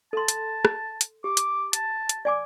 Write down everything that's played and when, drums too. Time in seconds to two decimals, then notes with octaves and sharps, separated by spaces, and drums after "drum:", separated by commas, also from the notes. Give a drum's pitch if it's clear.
0.13 A4 A5 C6
0.28 drum: hi-hat
0.65 drum: rim click
1.01 drum: hi-hat
1.24 G4 D6
1.37 drum: hi-hat
1.73 A5, drum: hi-hat
2.09 drum: hi-hat
2.25 D5 G#5 D6